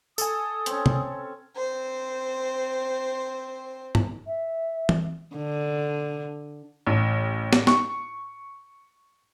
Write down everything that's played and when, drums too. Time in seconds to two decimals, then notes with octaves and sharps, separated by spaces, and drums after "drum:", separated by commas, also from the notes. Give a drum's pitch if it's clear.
0.18 A4 G#5 D#6, drum: tambourine
0.66 C4 C#4, drum: hi-hat
0.86 drum: tom C3
1.56 C4 C5
3.95 drum: tom
4.27 E5
4.89 drum: tom E3
5.36 D3
6.86 A1
7.53 drum: snare
7.67 C#6, drum: snare